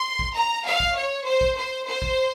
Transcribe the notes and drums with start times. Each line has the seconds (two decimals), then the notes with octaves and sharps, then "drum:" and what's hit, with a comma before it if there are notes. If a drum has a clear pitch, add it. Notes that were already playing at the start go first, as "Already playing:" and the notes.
Already playing: C6
0.19 drum: kick
0.34 A#5
0.65 F5
0.80 drum: kick
0.95 C#5
1.25 C5
1.41 drum: kick
1.56 C5
1.86 C5
2.02 drum: kick